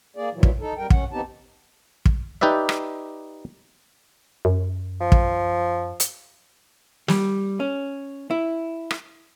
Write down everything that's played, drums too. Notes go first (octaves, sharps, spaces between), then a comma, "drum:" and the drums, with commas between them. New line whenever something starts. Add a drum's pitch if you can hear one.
A#3 G#4 D5
A#2 E3 F#3
drum: kick
D#4 A4
F#2 G3 A#4 G5
F#2 C#4 F#5, drum: kick
B3 C4 D#4 G4 A5
drum: kick
D#4 G4 B4 D5 E5
drum: rim click
F#2
F3
drum: kick
drum: hi-hat
G3, drum: snare
C#4
E4
drum: rim click